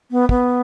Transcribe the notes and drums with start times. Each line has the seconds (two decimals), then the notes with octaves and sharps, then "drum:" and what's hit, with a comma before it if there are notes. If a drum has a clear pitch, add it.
0.11 B3
0.29 B3, drum: kick